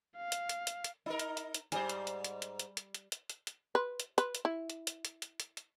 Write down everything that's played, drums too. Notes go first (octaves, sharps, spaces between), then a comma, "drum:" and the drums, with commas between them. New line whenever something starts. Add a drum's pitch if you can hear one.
F5
drum: hi-hat
drum: hi-hat
drum: hi-hat
drum: hi-hat
D#4 A#4 D#5
drum: hi-hat
drum: hi-hat
drum: hi-hat
G#2 G3 G4 G#4 C5 G#5, drum: hi-hat
drum: hi-hat
drum: hi-hat
drum: hi-hat
drum: hi-hat
drum: hi-hat
drum: hi-hat
drum: hi-hat
drum: hi-hat
drum: hi-hat
drum: hi-hat
B4
drum: hi-hat
B4, drum: hi-hat
drum: hi-hat
E4
drum: hi-hat
drum: hi-hat
drum: hi-hat
drum: hi-hat
drum: hi-hat
drum: hi-hat